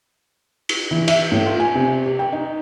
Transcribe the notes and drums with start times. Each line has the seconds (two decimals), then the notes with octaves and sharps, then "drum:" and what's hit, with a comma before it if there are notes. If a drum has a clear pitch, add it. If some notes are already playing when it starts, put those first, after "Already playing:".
0.69 drum: cymbal
0.91 E3
1.08 E5, drum: cymbal
1.32 A2
1.46 F4
1.60 G#5
1.75 C3
2.06 G4
2.19 G5
2.33 D#4